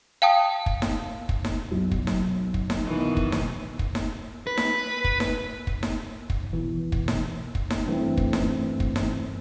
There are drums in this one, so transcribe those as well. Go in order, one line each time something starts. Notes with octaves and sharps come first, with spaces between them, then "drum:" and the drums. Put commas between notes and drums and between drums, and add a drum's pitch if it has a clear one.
F5 G5 A5 D#6
drum: kick
drum: snare D#4
drum: kick
drum: snare D#4
B1
drum: kick
drum: snare D#4
drum: kick
drum: snare D#4
B2 D#3 E3
drum: kick
drum: snare D#4
drum: kick
drum: snare D#4
B4
drum: snare D#4
drum: kick
drum: snare D#4
drum: kick
drum: snare D#4
drum: kick
G#1 B2 E3
drum: kick
drum: snare D#4
drum: kick
drum: snare D#4
G2 E3 A3 C4
drum: kick
drum: snare D#4
drum: kick
drum: snare D#4